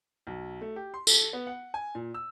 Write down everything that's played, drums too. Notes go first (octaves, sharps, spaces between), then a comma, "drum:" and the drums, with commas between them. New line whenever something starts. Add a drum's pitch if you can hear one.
B1
A3
G4
C6
A4, drum: tambourine
B3
F#5
G#5
A#2
E6